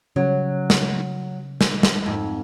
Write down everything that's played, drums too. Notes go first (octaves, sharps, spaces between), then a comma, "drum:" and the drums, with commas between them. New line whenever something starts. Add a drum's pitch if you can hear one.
C#3 F#3
drum: snare
drum: snare
drum: snare
F2 G#2